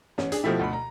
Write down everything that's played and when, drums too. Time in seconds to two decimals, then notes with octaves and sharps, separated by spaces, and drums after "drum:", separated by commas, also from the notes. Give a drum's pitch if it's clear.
0.18 A1 C#4, drum: snare
0.32 D4 G#4, drum: hi-hat
0.43 B2 F3 A3 E4 G4
0.59 D2 B2 B5
0.73 A#5